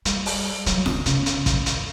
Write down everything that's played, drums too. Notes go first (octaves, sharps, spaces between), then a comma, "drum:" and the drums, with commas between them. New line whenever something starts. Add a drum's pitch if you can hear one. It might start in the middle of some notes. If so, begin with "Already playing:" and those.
G3, drum: hi-hat
drum: open hi-hat
F#3, drum: hi-hat
D3, drum: snare F4
C#3, drum: hi-hat
drum: hi-hat
drum: kick, hi-hat
drum: hi-hat